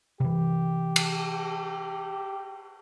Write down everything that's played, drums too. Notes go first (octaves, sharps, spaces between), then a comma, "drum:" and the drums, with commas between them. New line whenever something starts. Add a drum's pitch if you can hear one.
C3 E3 G4
drum: cymbal